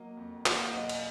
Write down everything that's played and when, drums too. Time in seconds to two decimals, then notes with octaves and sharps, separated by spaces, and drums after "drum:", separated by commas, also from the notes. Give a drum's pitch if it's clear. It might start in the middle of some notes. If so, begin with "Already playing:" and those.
Already playing: F#3 A#3 D#5
0.17 F2
0.46 A#3 F#5, drum: clap
0.59 F5
0.72 B1 D#5 F#5
0.89 drum: cymbal